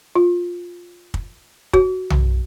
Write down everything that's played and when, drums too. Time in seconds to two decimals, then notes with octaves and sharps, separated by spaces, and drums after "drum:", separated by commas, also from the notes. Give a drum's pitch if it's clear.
0.15 F4
1.14 drum: kick
1.73 F#4, drum: kick
2.10 drum: tom B1